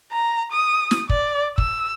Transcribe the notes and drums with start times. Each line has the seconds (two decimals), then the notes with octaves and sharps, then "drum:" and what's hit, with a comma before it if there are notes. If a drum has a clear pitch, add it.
0.12 A#5
0.52 D#6
0.91 drum: snare
1.09 D5, drum: kick
1.58 E6, drum: kick